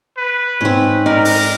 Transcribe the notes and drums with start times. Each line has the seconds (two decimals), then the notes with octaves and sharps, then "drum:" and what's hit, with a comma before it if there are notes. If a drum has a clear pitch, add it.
0.17 B4
0.61 G#2 C4 C#4 B4
1.06 D#4 A#4 D5
1.25 drum: open hi-hat